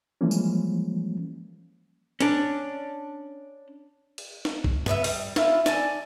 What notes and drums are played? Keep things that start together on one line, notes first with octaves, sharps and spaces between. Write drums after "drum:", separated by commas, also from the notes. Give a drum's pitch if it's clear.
E3 F3 G3 G#3 A#3 C#4
drum: tambourine
C#4 D4, drum: hi-hat
drum: cymbal
drum: snare
drum: kick B1
B3 B4 D5 E5, drum: tom G2
G3, drum: open hi-hat
E4 F4, drum: snare
D5 G#5 A5, drum: snare